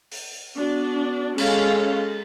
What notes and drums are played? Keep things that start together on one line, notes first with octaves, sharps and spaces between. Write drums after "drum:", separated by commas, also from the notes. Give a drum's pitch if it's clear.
drum: open hi-hat
B3 D4 F#4
G#3 C#4 A4 C#5 F5, drum: cymbal